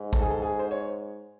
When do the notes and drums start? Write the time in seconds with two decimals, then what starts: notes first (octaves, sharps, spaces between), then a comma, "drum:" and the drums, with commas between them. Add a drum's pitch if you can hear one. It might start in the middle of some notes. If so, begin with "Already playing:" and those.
Already playing: G#2
0.13 A4, drum: kick A#1
0.22 G#4
0.31 A4
0.42 G#4
0.59 C5
0.71 C#5